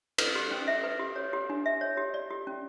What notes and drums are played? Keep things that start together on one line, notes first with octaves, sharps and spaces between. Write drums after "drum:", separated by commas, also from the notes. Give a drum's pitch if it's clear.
B4, drum: cymbal
G4
C#4
E5
B4
G4
C#5
G4
D4
E5
C#5
G4
D5
G4
C#4